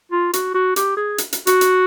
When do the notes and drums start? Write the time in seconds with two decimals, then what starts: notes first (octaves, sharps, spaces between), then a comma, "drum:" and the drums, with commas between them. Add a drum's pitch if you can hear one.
0.12 F4
0.33 F#4, drum: hi-hat
0.54 F#4
0.76 G4, drum: hi-hat
0.97 G#4
1.18 drum: hi-hat
1.33 drum: hi-hat
1.47 F#4, drum: hi-hat
1.61 drum: hi-hat